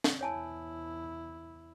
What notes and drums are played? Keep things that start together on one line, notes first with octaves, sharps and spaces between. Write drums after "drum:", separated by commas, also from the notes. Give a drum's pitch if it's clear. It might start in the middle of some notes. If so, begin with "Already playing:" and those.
drum: snare
E2 E4 C#5 G#5 A5